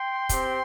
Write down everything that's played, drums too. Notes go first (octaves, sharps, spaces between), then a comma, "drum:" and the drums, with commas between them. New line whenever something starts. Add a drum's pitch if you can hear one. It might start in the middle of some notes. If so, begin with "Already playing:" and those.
Already playing: G5 C6
C4 G4, drum: kick, hi-hat